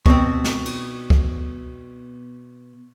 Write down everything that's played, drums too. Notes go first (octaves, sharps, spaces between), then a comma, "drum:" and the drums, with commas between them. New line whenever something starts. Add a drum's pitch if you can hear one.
B2 C4, drum: kick
drum: snare
drum: cymbal
drum: kick